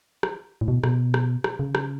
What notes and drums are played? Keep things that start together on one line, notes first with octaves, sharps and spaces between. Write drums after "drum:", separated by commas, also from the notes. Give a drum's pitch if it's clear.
drum: rim click
A2
B2
B2, drum: rim click
drum: rim click
drum: rim click
C#3
drum: rim click